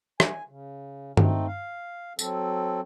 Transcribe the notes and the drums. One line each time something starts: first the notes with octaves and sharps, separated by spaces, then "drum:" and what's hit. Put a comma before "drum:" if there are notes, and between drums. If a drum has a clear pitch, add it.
G#5, drum: rim click
C#3
A3 C4 D#4, drum: tom G2
F5
F#3 C4 A4, drum: tambourine